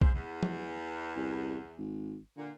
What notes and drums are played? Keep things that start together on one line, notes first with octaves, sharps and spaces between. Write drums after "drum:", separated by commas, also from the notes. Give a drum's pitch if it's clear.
G#2 C5, drum: kick B1
E2
drum: tom
C2
G#1
A#2 D3